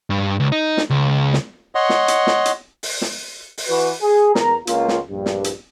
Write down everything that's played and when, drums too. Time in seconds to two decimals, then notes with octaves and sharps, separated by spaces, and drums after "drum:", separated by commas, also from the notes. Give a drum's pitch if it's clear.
0.10 G2
0.40 C#2
0.52 D#4
0.77 drum: snare
0.90 C#2
1.33 drum: snare
1.75 C#5 D#5 F#5 C6
1.89 drum: snare
2.08 drum: hi-hat
2.27 drum: snare
2.45 drum: hi-hat
2.83 drum: open hi-hat
3.02 drum: snare
3.58 drum: open hi-hat
3.67 E3 F#4 B4
4.02 G#4
4.35 E2 A#4 A#5, drum: snare
4.67 C#2 A#3 C#4 F4, drum: hi-hat
4.88 drum: snare
5.10 A#1 G2
5.26 drum: snare
5.44 drum: hi-hat